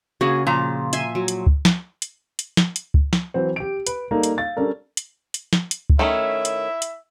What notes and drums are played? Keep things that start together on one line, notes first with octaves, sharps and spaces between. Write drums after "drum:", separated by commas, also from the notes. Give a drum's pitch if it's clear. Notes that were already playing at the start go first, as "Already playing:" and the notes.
C#3 A#3 F#4 G#4
A#2 F3 A#5
E5 G#5 C6, drum: hi-hat
F#3
drum: hi-hat
drum: kick
drum: snare
drum: hi-hat
drum: hi-hat
drum: snare
drum: hi-hat
drum: kick
drum: snare
E3 F#3 C4
G4 D7
B4, drum: hi-hat
G3 A#3 D#4 A4 A#4
drum: hi-hat
F5 A6
G3 C#4 D4 A4 A#4
drum: hi-hat
drum: hi-hat
drum: snare
drum: hi-hat
drum: kick
D#3 A3 C#4 E4 E5
drum: hi-hat
drum: hi-hat